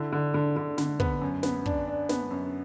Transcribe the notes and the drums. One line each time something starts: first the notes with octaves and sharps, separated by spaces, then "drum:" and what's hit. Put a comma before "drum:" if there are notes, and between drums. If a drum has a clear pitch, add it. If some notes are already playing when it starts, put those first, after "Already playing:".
Already playing: D3 E4
D3
D3
D3
D3, drum: snare
B3, drum: kick
F#2
B3, drum: snare
D4, drum: kick
D4
B3, drum: snare
F#2